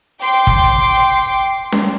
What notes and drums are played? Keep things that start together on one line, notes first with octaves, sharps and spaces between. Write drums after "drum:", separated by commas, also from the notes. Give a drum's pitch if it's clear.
G5 C6 D6
drum: kick
drum: snare C#4